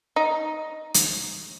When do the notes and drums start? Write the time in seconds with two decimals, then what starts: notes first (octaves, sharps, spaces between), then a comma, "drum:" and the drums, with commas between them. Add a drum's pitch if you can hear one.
0.16 D#4
0.94 drum: hi-hat